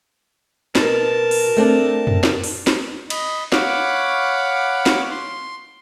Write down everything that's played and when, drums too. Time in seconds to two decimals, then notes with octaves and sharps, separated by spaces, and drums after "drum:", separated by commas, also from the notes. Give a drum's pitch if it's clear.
0.75 B2 A#4 A5, drum: snare
1.31 drum: open hi-hat
1.57 A3 C4 D4
2.07 drum: tom F2
2.24 drum: snare
2.44 drum: open hi-hat
2.67 drum: snare
3.10 D#5 B5, drum: cymbal
3.52 C#5 F5 F#5 B5 D6, drum: snare
4.86 drum: snare
5.11 C6